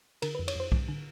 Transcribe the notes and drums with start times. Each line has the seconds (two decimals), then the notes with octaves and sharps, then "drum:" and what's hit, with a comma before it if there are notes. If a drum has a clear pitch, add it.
0.22 D3 A#4, drum: cymbal
0.35 B4
0.39 F2
0.48 C#5, drum: cymbal
0.56 F2 C5
0.72 G3, drum: kick B1
0.88 D3